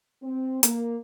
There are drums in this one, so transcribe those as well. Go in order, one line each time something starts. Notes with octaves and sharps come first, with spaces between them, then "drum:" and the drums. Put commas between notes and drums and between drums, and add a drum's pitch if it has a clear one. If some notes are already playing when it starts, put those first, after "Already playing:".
C4
A#3, drum: hi-hat